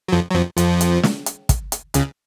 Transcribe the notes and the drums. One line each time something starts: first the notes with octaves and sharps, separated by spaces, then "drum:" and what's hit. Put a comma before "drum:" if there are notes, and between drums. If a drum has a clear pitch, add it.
F#3
F2 F3
F#3
F2 F3
F2 F3, drum: hi-hat
drum: hi-hat
drum: snare
drum: hi-hat
drum: kick, hi-hat
drum: hi-hat
C#2 C#3, drum: hi-hat